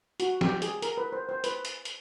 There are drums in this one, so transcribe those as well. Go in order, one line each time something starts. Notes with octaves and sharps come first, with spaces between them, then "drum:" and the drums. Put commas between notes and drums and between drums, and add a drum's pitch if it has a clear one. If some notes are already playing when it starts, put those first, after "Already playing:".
F#4, drum: hi-hat
G4, drum: snare
G#4, drum: hi-hat
A#4, drum: hi-hat
B4
C5
C5
B4, drum: hi-hat
drum: hi-hat
drum: hi-hat